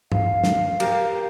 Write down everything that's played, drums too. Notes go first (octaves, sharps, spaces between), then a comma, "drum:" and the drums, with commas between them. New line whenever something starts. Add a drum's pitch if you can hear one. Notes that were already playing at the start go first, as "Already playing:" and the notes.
F5, drum: tom G2
drum: snare
G4 A#4, drum: cymbal